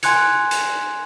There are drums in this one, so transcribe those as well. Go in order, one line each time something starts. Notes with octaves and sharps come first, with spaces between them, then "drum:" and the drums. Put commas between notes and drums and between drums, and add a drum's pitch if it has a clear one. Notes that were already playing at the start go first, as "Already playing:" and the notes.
G#5 C6 F#6 G#6 C#7, drum: hi-hat
drum: hi-hat